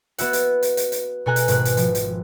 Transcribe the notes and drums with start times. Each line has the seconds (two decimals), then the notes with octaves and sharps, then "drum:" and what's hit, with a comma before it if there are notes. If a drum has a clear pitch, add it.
0.18 B3 F#4 E5 F#5, drum: hi-hat
0.33 drum: hi-hat
0.63 drum: hi-hat
0.77 drum: hi-hat
0.92 drum: hi-hat
1.26 B2 A4 G#5 A#5 F#6
1.36 drum: hi-hat
1.48 G#1 B2 F#6, drum: hi-hat
1.65 drum: hi-hat
1.77 F3, drum: hi-hat
1.95 drum: hi-hat